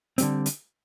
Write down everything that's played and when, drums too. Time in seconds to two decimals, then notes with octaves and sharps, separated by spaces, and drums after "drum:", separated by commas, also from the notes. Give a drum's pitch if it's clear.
0.18 D3 G3 C4, drum: hi-hat
0.46 drum: hi-hat